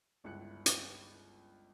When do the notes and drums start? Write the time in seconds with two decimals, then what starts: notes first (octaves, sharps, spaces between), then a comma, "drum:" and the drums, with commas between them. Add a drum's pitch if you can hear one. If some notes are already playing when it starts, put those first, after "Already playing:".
0.24 G1 C#2 E4 F#6 C#7
0.66 drum: hi-hat